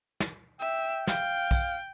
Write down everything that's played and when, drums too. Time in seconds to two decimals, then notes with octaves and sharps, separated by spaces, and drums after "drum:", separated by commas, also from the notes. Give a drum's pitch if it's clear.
0.20 drum: snare
0.60 E5 G5
1.07 F5 G5, drum: snare
1.51 drum: kick, tambourine